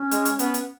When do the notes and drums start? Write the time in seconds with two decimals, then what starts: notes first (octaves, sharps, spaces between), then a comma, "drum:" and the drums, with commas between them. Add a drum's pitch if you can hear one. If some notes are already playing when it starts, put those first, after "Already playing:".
Already playing: C#4
0.11 G#3, drum: hi-hat
0.25 drum: hi-hat
0.39 B3, drum: hi-hat
0.54 drum: hi-hat